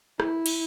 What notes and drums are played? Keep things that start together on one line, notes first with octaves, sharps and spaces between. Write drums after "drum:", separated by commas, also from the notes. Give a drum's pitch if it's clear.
E4, drum: rim click
drum: cymbal